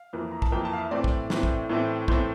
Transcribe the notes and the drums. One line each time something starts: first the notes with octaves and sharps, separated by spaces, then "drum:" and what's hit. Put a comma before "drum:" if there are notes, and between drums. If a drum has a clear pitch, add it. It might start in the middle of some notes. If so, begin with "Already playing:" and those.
Already playing: F5
F2 E3 A#3
A#5
A5, drum: kick
F2 E3 A#3 G5
A5
F5
E5
A2 E3 A3 C4 D5
drum: kick
A2 E3 A3 C4, drum: snare
drum: kick
A2 E3 A3 C4
A2 E3 A3 C4 C5, drum: kick